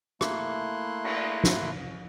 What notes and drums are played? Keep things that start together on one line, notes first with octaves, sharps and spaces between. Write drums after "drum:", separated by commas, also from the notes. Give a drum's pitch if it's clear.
A3 A#3 E4 C6 F#6, drum: rim click
drum: cymbal
drum: snare